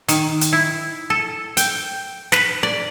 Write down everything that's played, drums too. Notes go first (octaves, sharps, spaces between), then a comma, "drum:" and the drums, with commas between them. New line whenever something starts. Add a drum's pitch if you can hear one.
D#3, drum: hi-hat
drum: hi-hat
E4
A4
G5, drum: hi-hat
B4, drum: snare
D5